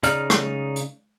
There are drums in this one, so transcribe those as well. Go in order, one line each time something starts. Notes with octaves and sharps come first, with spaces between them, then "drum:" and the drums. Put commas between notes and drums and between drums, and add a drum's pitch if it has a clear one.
C#3 D#4 D5 F6, drum: hi-hat
drum: rim click
drum: hi-hat